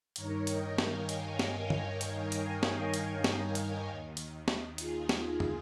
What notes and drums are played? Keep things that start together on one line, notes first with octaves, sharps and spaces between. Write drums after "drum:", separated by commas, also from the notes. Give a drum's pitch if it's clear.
G2 D#3 A#4 C#5, drum: hi-hat
D#5 G5, drum: hi-hat
F5 G#5, drum: snare
F5 G#5, drum: hi-hat
drum: snare
C#5 F5
drum: tom D3
F5 G#5, drum: hi-hat
drum: hi-hat
C#5 F5
drum: snare
drum: hi-hat
drum: snare
drum: hi-hat
D#2 D#3
drum: hi-hat
drum: snare
F4 G#4, drum: hi-hat
drum: snare
F4
drum: tom